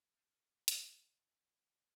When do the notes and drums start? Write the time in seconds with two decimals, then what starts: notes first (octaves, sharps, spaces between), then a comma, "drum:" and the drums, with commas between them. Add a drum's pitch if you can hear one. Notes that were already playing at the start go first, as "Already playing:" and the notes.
0.16 F6 G6 A6 C7 D#7 E7
0.68 C#5 G5 A6, drum: hi-hat